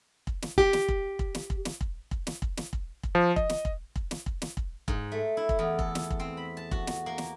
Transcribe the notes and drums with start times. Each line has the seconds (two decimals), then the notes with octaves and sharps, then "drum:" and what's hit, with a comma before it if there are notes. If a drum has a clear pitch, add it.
0.27 drum: kick
0.42 drum: snare
0.58 G4, drum: kick
0.73 drum: snare
0.88 drum: kick
1.19 drum: kick
1.35 drum: snare
1.50 drum: kick
1.65 drum: snare
1.81 drum: kick
2.11 drum: kick
2.27 drum: snare
2.42 drum: kick
2.57 drum: snare
2.73 drum: kick
3.03 drum: kick
3.15 F3
3.36 D#5, drum: kick
3.49 drum: snare
3.65 drum: kick
3.96 drum: kick
4.11 drum: snare
4.26 drum: kick
4.42 drum: snare
4.57 drum: kick
4.88 G#2, drum: kick
5.12 A3
5.37 E4
5.49 drum: kick
5.59 E2
5.79 A4, drum: kick
5.95 drum: snare
6.11 drum: kick
6.20 C4
6.37 B5
6.57 A5
6.71 F#4, drum: kick
6.87 drum: snare
7.06 A#3
7.18 drum: snare